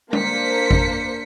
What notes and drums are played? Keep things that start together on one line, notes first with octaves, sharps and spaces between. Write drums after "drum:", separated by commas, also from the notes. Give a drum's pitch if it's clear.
A#3 D4 C5 B6 C#7, drum: tom G#3
drum: kick G#1